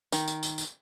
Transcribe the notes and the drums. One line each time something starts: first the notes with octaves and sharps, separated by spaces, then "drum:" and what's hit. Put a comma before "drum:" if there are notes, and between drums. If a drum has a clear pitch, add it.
D#3, drum: tambourine
drum: tambourine
drum: tambourine
drum: tambourine